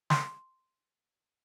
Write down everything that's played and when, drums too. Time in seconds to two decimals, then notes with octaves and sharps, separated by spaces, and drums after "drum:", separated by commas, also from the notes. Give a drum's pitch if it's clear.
0.10 C6, drum: snare